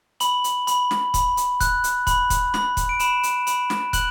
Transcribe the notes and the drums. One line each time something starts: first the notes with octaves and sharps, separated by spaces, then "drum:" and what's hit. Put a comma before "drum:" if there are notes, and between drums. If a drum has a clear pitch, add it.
B5 F#7, drum: hi-hat
drum: hi-hat
B5, drum: hi-hat
drum: snare
B5, drum: kick, hi-hat
drum: hi-hat
F#6, drum: kick, hi-hat
drum: hi-hat
B5, drum: kick, hi-hat
drum: kick, hi-hat
B5, drum: snare
drum: kick, hi-hat
D7
B5 E7, drum: hi-hat
drum: hi-hat
B5, drum: hi-hat
drum: snare
F#6 F#7, drum: kick, hi-hat